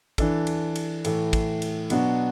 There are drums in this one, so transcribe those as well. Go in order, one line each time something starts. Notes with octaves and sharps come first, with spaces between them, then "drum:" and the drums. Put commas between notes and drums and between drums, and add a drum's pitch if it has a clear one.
E3 D4 A4, drum: kick, cymbal
drum: cymbal
drum: cymbal
A2 E3 A3, drum: cymbal
drum: kick, cymbal
drum: cymbal
B2 F#3 B3 D4 F#4, drum: cymbal